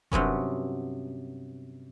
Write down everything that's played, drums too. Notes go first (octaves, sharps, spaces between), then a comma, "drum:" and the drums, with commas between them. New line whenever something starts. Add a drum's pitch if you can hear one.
G2 C3 F#3 B3 C#4, drum: kick F1